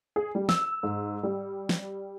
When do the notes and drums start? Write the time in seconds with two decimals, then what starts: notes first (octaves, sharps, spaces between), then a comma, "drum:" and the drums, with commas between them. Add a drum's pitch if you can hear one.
0.16 G#4
0.35 G3
0.49 E6, drum: snare
0.83 G#2
1.23 G3
1.69 drum: snare